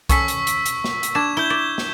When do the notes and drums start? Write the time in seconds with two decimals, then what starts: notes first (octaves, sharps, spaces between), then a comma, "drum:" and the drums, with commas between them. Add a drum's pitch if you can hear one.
0.09 C#4 A4 C#6 E6 B6, drum: kick, hi-hat
0.28 drum: hi-hat
0.47 drum: hi-hat
0.66 drum: hi-hat
0.84 drum: snare
1.03 drum: hi-hat
1.15 D4 G#6 E7
1.37 E4 G6 G7
1.50 D5
1.78 drum: snare